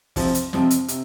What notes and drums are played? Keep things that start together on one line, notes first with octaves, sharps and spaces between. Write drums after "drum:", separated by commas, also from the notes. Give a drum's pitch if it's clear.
F2 C3 F3 C4, drum: kick, open hi-hat
drum: hi-hat
F2 C3 F3 C4, drum: snare
drum: hi-hat
C3, drum: hi-hat